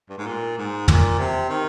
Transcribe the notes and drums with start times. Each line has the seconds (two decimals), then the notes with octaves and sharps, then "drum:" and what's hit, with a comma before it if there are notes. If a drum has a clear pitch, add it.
0.09 G2
0.18 G#2
0.26 A#2
0.58 G#2
0.88 A#2, drum: tom
1.19 C3
1.49 D#3